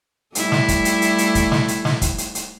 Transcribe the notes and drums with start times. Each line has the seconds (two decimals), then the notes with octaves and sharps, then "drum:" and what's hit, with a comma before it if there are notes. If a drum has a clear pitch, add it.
0.35 G3 A3 E4, drum: hi-hat
0.52 drum: snare
0.68 drum: kick, hi-hat
0.85 drum: hi-hat
1.02 drum: hi-hat
1.18 drum: hi-hat
1.35 drum: kick, hi-hat
1.52 drum: snare
1.68 drum: hi-hat
1.85 drum: snare
2.02 drum: kick, hi-hat
2.18 drum: hi-hat
2.35 drum: hi-hat